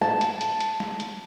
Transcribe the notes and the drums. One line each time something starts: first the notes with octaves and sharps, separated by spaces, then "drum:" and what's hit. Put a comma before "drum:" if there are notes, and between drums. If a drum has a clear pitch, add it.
A5, drum: snare
drum: hi-hat
drum: hi-hat
drum: hi-hat
drum: snare
drum: hi-hat